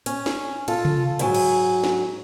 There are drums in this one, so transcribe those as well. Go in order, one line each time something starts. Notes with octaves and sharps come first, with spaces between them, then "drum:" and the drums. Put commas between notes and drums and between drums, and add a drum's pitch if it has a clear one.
C#4, drum: hi-hat
drum: snare
F4 A4, drum: cymbal
drum: tom C3
G#2 F#3 G#5, drum: hi-hat
drum: cymbal
drum: snare